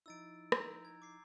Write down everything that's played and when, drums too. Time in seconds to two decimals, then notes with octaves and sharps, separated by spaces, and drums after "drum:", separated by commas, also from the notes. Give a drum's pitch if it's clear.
0.06 F3 D#4 E4 E6 A6 D7
0.52 A#5 E6 G6, drum: rim click
0.85 G#6
1.02 D6 C7